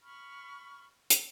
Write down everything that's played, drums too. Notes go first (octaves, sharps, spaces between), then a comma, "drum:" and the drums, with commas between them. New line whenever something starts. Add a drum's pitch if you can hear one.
B5 C#6 F6
drum: hi-hat